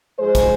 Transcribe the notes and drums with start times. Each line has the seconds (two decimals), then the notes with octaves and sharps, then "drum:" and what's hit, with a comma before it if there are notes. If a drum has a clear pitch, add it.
0.18 G#2 F3 G#3 G#4 C5
0.35 drum: kick, hi-hat